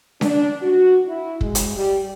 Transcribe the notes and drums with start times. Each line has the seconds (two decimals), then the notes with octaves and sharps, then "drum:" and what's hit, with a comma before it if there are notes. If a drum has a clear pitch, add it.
0.21 D4, drum: snare C#4
0.62 F#4
1.07 E4
1.41 G#3, drum: kick
1.55 drum: hi-hat
1.76 G3